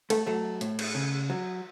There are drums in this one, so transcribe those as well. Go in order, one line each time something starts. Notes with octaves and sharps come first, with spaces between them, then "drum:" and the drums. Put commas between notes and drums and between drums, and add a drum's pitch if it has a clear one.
A3 A4, drum: cymbal
F#3 A3 A4
A2, drum: hi-hat
drum: cymbal
C#3
F#3